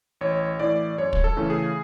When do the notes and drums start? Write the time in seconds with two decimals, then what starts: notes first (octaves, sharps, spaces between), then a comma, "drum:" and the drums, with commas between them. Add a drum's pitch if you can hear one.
0.21 A1 C#5
0.59 A2 E3 D5
0.98 F#2 C#5
1.13 drum: kick
1.24 A4
1.37 C#3 E3 A3 C#4
1.50 G#4